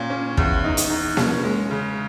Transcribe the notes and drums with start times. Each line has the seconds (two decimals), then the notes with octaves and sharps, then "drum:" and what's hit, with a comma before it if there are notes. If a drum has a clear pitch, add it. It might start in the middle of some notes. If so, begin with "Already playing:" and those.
Already playing: A#2 C#4
0.10 C#4
0.37 E2, drum: kick
0.64 D#4
0.77 drum: hi-hat
0.90 D#4
1.17 C#4, drum: snare A#3
1.44 G#3
1.71 C#3